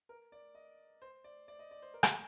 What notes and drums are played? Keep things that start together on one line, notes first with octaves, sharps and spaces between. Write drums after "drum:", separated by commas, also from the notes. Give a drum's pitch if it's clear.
A#4
D5
D#5
C5
D5
D5
D#5
D5
C5
A#4
drum: rim click